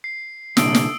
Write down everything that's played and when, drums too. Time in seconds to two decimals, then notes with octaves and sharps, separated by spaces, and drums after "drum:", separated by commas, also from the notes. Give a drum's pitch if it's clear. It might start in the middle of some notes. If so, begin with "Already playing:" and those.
0.04 C7
0.57 C2 A#2 D3 D#6 E6 D7, drum: snare
0.75 drum: snare